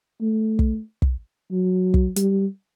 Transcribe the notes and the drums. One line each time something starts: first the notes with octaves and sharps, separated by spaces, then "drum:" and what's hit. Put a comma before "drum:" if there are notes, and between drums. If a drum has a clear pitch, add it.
A3
drum: kick
drum: kick
F#3
drum: kick
G3, drum: hi-hat